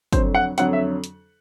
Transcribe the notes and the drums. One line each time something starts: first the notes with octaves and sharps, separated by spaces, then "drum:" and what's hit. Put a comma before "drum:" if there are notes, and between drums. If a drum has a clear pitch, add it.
F2 D3 F#3 C5, drum: kick, hi-hat
F#5
F2 D3 F#3 F#5, drum: hi-hat
E5
drum: hi-hat